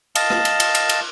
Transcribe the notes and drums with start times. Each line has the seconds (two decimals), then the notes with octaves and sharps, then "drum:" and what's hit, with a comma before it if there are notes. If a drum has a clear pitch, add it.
0.15 D#5 F5 A5, drum: cymbal
0.30 drum: rim click
0.45 drum: cymbal
0.60 drum: cymbal
0.75 drum: cymbal
0.89 drum: cymbal